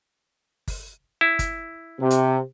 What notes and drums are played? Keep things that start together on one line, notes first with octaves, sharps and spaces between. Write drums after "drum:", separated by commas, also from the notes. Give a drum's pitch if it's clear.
drum: kick G1, open hi-hat
E4
drum: kick G1, hi-hat
C3
drum: hi-hat